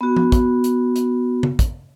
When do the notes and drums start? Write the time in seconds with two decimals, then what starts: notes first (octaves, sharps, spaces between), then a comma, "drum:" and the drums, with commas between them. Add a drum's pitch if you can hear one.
0.01 B3 F#4
0.16 drum: tom F3
0.32 drum: kick, hi-hat
0.64 drum: hi-hat
0.96 drum: hi-hat
1.43 drum: tom C#3
1.59 drum: kick, hi-hat